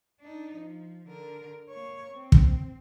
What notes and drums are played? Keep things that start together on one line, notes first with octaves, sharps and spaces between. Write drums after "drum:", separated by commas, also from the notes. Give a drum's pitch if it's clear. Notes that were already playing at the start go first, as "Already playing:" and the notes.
D4 D#4
F3
D3 A#4
A#3 C#5
C4
drum: kick